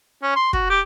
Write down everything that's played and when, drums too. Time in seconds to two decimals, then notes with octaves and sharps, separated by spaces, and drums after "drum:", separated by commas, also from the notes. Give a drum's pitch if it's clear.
0.22 C#4
0.36 C6
0.53 F#4, drum: kick
0.70 G4